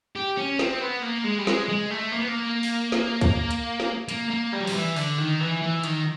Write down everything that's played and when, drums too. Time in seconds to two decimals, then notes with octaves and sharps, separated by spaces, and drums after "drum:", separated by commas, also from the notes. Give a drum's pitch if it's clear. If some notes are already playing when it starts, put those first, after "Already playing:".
0.16 G4
0.37 C#4
0.59 C4, drum: snare
0.81 B3
1.03 A#3
1.25 G#3
1.39 G3
1.47 G#3, drum: snare
1.69 G#3
1.91 A3
2.12 A#3
2.20 B3
2.28 A#3
2.63 drum: open hi-hat
2.92 drum: snare
3.21 drum: kick, hi-hat
3.51 drum: hi-hat
3.80 drum: snare
4.09 A#3, drum: hi-hat
4.30 A#3
4.53 G3
4.61 F#3
4.67 F3, drum: open hi-hat
4.74 E3
4.96 D3, drum: open hi-hat
5.18 D#3
5.40 E3
5.62 E3
5.83 D#3, drum: hi-hat